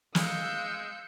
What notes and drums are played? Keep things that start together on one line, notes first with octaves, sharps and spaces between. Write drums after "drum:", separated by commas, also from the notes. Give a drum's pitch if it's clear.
G#3 F5 E6 G6 C#7, drum: snare